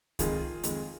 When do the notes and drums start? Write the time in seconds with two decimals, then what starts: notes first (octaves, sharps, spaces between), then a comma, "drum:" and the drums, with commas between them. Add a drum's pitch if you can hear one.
0.19 F2 D#3 G#3 F4 G#4, drum: kick C2, hi-hat
0.63 F2 D#3 G#3, drum: hi-hat